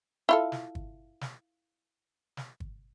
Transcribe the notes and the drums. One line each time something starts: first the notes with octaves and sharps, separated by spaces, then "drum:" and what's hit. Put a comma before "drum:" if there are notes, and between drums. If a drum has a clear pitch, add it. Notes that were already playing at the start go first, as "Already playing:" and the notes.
E4 F4 A4
drum: snare
drum: kick G1
drum: snare
drum: snare
drum: kick G1